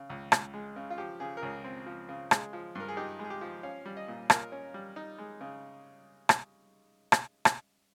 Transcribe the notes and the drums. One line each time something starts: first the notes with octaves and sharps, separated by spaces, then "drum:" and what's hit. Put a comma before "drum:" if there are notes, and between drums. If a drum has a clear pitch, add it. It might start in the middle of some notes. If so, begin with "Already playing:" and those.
Already playing: C#3
C#2
C#2, drum: rim click
G#3
C#3
F4
F3 G4
C#3 G#4
A#4
C#2 G#4
C4
F3
C#3
G#3, drum: rim click
F3
G2 A#4
G#4
D#4 G4
G#3
G#4
G4
F3
C#4 F5
G3
D#5
A#2
F4 A#4, drum: rim click
C#4
G3
D#4
G#3
C#3
drum: rim click
drum: rim click
drum: rim click